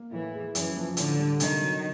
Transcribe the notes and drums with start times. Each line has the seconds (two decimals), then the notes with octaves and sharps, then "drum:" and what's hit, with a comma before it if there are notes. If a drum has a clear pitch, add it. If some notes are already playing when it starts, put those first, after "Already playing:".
Already playing: A#3
0.12 A2 E3
0.33 G#3
0.55 F#2 E3, drum: hi-hat
0.76 F3
0.97 A2 D3, drum: hi-hat
1.18 G3
1.40 C3 D#3, drum: hi-hat
1.61 F#3